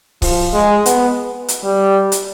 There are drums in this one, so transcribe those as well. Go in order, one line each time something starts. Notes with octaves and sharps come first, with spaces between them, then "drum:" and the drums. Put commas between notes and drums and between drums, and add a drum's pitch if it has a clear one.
F3, drum: kick C#1, open hi-hat
G#3
B3, drum: hi-hat
drum: hi-hat
G3
drum: hi-hat